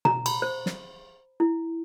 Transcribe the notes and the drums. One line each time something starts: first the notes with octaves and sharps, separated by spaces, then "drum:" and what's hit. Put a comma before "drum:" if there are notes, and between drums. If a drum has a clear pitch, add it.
A#5, drum: tom B2
B5, drum: cymbal
C5
drum: snare
E4